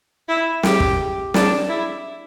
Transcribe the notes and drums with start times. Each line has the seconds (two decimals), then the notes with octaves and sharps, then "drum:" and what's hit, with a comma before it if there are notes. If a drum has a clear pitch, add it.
0.29 E4
0.63 G4, drum: snare
0.80 drum: kick
1.34 D4, drum: snare
1.69 E4